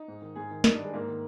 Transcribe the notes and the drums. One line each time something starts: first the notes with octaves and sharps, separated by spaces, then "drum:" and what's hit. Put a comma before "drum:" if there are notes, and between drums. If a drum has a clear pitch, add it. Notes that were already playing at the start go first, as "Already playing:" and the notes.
Already playing: D#4
G#2
D#3
G#2 G#4
D#3
G2 D#4, drum: snare
D4
D#3
G#3
G#2 A#3
D#3